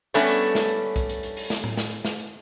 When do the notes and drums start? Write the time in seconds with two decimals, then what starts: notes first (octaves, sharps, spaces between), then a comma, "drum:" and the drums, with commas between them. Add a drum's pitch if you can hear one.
0.14 G3 A3 B3 C#4 D4 A4, drum: hi-hat
0.28 drum: hi-hat
0.41 drum: hi-hat
0.55 drum: snare
0.69 drum: hi-hat
0.96 drum: kick, hi-hat
1.09 drum: hi-hat
1.23 drum: hi-hat
1.37 drum: open hi-hat
1.50 drum: snare
1.64 drum: tom A2
1.77 drum: snare
1.91 drum: hi-hat
2.05 drum: snare
2.18 drum: hi-hat